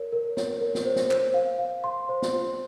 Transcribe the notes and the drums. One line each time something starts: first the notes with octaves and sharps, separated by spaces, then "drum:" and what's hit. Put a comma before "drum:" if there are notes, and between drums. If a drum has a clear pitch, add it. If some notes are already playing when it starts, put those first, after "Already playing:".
Already playing: A#4 C#5
A#4
C#5, drum: snare
A#4
drum: snare
C5
drum: snare
C5, drum: clap
F5
F5
C6
C5
drum: snare
F4